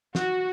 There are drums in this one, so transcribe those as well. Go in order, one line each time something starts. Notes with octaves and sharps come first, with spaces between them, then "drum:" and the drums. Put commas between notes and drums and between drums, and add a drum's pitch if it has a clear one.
F#4, drum: snare